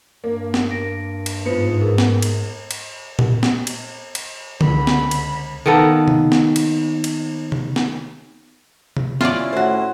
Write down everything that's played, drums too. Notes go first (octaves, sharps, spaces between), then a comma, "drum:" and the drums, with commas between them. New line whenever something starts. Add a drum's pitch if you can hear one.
G2 A#3
drum: snare
A#6 D7
drum: cymbal
G#2 B3 F4 C5 C#7
G#4 A#4
drum: snare
drum: cymbal
drum: cymbal
drum: tom A#2
drum: snare
drum: cymbal
drum: cymbal
C#2 D3 B5, drum: tom D3
drum: snare
drum: cymbal
D#3 A#3 B3 A4
drum: tom C3
drum: snare
drum: cymbal
drum: cymbal
drum: tom C3
drum: snare
drum: tom C3
C#4 E4 F4 D5, drum: snare
A2 F#4 C5